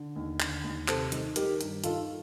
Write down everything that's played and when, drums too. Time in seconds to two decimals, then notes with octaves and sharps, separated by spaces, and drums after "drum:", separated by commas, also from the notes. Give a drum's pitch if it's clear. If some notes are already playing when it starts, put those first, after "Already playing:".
Already playing: D3
0.16 D#2
0.40 D3, drum: clap
0.64 D#2
0.88 C3 A4 C5, drum: clap
1.12 D#3, drum: hi-hat
1.36 D#3 G4 A#4, drum: hi-hat
1.61 G2, drum: hi-hat
1.84 D#3 F4 A4, drum: hi-hat